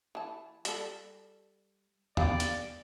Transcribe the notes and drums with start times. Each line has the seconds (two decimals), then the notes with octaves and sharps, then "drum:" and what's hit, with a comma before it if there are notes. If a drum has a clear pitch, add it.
0.15 E3 A5
0.65 G3 A4, drum: hi-hat
2.17 B3 G4 D5 F5, drum: tom E2
2.40 drum: hi-hat